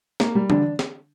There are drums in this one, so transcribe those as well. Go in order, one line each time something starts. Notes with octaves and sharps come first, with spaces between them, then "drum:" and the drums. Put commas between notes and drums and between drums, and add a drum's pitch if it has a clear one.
A#3, drum: snare
G3
D3 D4, drum: tom E3
drum: snare